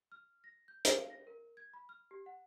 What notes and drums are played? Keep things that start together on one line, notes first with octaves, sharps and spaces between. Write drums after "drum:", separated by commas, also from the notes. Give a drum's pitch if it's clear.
F6
A#6
G6
C#5, drum: hi-hat
F5
A#6
A#4
G#6
B5
F6
G4
F#5